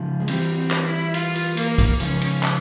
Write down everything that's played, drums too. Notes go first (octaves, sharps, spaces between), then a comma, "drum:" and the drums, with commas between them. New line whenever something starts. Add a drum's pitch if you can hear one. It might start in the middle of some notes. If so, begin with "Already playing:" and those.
Already playing: C#3 F3
G#3
E3 G3 C4, drum: cymbal
C4
drum: clap
E4
F4, drum: cymbal
drum: cymbal
A#3, drum: cymbal
drum: kick, cymbal
C#3 F3 C#4, drum: cymbal
drum: cymbal
drum: clap